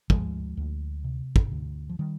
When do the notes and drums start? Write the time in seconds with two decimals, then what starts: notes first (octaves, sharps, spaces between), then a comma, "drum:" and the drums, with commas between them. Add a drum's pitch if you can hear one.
0.10 D2 F3 G#3, drum: kick
0.57 D2
1.04 C3
1.36 drum: kick
1.52 D2
1.89 F3
1.99 D#3 G3